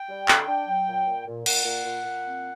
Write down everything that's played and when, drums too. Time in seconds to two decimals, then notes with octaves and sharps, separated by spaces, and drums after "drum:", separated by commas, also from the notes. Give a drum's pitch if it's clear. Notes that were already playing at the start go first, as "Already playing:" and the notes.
Already playing: G5
0.09 G3
0.28 D3, drum: clap
0.47 D4
0.67 F#3
0.88 A#2
1.07 A#2
1.26 A#2
1.46 A#2 F#5, drum: cymbal
1.65 A#2
1.85 A#2
2.05 A#2
2.24 C4